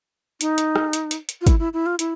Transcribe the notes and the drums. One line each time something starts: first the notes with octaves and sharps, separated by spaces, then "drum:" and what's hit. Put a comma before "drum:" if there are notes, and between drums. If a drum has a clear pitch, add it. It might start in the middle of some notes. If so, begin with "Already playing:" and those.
D#4, drum: hi-hat
drum: hi-hat
drum: rim click
drum: hi-hat
drum: hi-hat
drum: hi-hat
F4
E4, drum: kick, hi-hat
E4
E4
F4
E4, drum: hi-hat